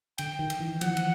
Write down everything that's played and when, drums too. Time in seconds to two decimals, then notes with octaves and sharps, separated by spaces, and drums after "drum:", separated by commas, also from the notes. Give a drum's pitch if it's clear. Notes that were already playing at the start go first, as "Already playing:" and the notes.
0.18 D3 G5, drum: cymbal
0.39 D#3
0.50 drum: cymbal
0.60 E3
0.81 F3 F#5, drum: cymbal
0.97 drum: cymbal